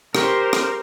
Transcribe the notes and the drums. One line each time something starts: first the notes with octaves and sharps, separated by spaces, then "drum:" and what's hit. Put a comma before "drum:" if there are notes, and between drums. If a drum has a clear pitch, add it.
G4 A#4 C5 C#6, drum: rim click
drum: rim click